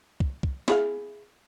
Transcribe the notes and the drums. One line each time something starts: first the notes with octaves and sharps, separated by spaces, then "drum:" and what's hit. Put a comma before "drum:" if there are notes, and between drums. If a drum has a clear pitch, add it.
drum: kick
drum: kick
E4 G#4 F5, drum: snare